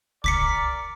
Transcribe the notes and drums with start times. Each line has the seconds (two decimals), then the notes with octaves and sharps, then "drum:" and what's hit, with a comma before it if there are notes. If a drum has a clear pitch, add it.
0.24 A#4 D5 D6 B6 C#7, drum: kick C2